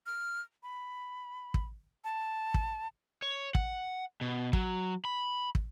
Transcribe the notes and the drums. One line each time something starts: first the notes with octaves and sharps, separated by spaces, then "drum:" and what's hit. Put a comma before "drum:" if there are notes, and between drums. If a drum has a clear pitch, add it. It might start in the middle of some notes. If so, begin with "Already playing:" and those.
F6
B5
drum: kick
A5
drum: kick
C#5
F#5, drum: kick
B2
F#3, drum: kick
B5
drum: kick